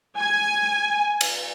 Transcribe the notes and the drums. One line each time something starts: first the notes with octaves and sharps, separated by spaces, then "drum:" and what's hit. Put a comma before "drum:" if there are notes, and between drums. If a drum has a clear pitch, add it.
G#5
drum: cymbal